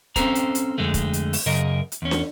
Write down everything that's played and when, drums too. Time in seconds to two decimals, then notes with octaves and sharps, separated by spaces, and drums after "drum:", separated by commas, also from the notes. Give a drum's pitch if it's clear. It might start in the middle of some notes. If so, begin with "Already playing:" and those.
0.16 C4 C#4 A4 C5 A#5, drum: kick, hi-hat
0.35 drum: hi-hat
0.55 drum: hi-hat
0.78 F2 D3 G#3 A3
0.94 drum: kick, hi-hat
1.13 drum: hi-hat
1.33 drum: open hi-hat
1.46 F#2 C#3 A#4 D#5
1.92 drum: hi-hat
2.02 E2 C#4
2.11 drum: snare